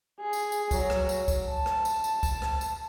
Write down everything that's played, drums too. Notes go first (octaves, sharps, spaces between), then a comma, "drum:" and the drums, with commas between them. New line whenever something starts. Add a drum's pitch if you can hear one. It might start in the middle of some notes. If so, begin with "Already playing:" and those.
G#4
drum: tambourine
drum: tambourine
F#3, drum: kick, tambourine
drum: rim click
drum: tambourine
drum: kick, tambourine
A5
drum: rim click
drum: tambourine
drum: tambourine
drum: kick, tambourine
drum: rim click
drum: tambourine